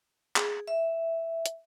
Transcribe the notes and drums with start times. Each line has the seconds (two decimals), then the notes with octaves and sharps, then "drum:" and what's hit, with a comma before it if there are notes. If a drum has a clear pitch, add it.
0.36 G#4, drum: clap
0.67 E5
1.46 drum: hi-hat